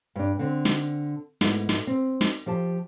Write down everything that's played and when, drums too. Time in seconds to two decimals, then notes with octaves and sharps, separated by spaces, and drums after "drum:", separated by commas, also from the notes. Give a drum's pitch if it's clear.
0.16 G2 D4
0.39 D3 C4
0.65 drum: snare
1.41 G#2 A3 B3 E4, drum: snare
1.69 drum: snare
1.87 C4
2.21 drum: snare
2.46 F3 G4 A5